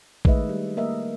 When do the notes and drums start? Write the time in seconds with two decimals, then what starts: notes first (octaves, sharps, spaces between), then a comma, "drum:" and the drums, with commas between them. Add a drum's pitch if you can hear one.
0.25 D#3 G#3 A3 B4 D#5 E5, drum: kick
0.49 G3
0.77 A3 A#3 A#4 D#5 E5